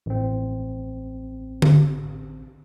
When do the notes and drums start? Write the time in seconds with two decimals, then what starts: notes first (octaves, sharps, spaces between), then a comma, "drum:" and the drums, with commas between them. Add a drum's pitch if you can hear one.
0.06 A1 C4
1.62 drum: tom D3